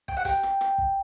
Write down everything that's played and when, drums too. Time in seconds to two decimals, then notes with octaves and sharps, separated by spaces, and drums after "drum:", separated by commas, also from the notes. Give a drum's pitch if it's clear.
0.08 G5, drum: kick
0.17 F#5
0.25 G5, drum: kick, hi-hat
0.43 drum: rim click
0.61 drum: rim click
0.78 drum: kick